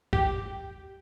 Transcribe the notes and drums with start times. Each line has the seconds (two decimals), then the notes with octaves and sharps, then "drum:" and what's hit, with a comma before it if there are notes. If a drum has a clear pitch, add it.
0.13 G4, drum: kick